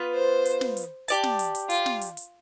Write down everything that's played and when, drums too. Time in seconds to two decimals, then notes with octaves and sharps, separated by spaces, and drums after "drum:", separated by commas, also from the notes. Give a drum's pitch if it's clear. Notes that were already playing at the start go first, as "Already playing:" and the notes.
Already playing: B3 F4 B4
0.15 C5
0.45 drum: hi-hat
0.61 drum: snare
0.77 drum: hi-hat
1.08 G4 D5 A5, drum: hi-hat
1.23 drum: snare
1.39 drum: hi-hat
1.55 drum: hi-hat
1.70 F4, drum: hi-hat
1.86 drum: snare
2.01 drum: hi-hat
2.17 drum: hi-hat